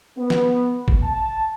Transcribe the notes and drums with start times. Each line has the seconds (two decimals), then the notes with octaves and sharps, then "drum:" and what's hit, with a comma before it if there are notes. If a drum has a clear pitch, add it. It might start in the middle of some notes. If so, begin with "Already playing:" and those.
0.18 B3
0.30 drum: snare
0.88 drum: kick G#1
1.03 A5